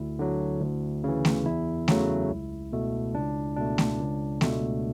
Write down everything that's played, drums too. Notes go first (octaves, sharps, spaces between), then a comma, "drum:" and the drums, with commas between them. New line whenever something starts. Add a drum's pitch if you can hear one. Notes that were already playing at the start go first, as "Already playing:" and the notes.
Already playing: D2 E4
D3 F#3
D2
C#3 E3
drum: snare A3
E2 E4
C#3 F#3 A3, drum: snare A3
C#2
B2 A3
C#2 D4
B2 A3 D4
drum: snare A3
C#2
B2 A3, drum: snare A3